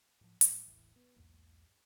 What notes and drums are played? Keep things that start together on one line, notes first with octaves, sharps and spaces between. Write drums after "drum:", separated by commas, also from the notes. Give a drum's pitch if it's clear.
A2 F3
A2 G3, drum: hi-hat
E1 A1 A2 E3
B3
B1 E2 G#2 A#3